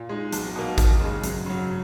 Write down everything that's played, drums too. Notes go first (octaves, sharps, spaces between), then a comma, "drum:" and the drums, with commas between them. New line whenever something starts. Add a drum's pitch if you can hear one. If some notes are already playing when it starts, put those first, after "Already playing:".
Already playing: A#2
G#3 D#4
B1, drum: hi-hat
B2 A#3
D#2, drum: kick, hi-hat
C#3 G#3
F#2, drum: hi-hat
C#3 F#3